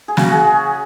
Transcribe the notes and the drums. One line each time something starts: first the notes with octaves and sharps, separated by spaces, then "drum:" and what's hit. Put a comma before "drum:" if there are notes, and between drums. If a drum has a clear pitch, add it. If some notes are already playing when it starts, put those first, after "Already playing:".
G#4
C#3 F#4, drum: snare
G#4